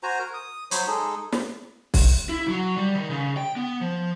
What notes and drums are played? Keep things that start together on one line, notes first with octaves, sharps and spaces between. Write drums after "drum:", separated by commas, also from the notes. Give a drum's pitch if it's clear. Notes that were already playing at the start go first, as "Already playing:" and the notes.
F#4 C5 G#5 A#5
A#4
D#6
F#3 C5 C#5 B5, drum: hi-hat
G#3 D#4 G#4 A4
drum: snare
drum: kick, open hi-hat
E4
F#3
G3
D#3
C#3
G5
B3
F3